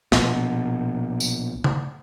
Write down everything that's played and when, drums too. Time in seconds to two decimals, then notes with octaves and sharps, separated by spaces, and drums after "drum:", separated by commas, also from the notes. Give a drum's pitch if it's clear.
0.12 A#1 B2, drum: snare
1.20 drum: tambourine
1.64 drum: tom C#3